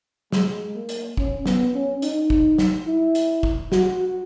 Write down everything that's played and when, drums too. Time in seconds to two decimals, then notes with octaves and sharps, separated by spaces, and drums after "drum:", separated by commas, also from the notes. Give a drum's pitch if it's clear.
0.32 G#3, drum: snare
0.75 A#3
0.89 drum: hi-hat
1.17 C#4, drum: kick G1
1.46 B3, drum: snare
1.74 C#4
2.02 D#4, drum: hi-hat
2.30 drum: kick G1
2.58 drum: snare
2.87 E4
3.15 drum: hi-hat
3.43 drum: kick G1
3.72 F#4, drum: snare